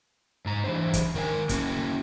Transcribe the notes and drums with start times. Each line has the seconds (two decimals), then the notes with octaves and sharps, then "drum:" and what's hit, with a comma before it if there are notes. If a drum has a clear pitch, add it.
0.46 G#2 A#5
0.64 E3 G#3 D4 C5
0.93 drum: kick, hi-hat
1.15 D#3 A#4 D5 G#5
1.49 A#3 C#4 F#4, drum: kick, hi-hat